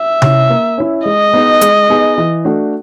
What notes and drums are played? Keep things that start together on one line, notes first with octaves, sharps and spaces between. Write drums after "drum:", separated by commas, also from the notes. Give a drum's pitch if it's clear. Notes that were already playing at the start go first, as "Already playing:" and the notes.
Already playing: E5
C#4 E4, drum: tom C3
A#3
C#4 E4
G#3 D#5
B3 D#4 G#4
G#3, drum: hi-hat
B3 D#4 G#4
E3
A3 D4 F#4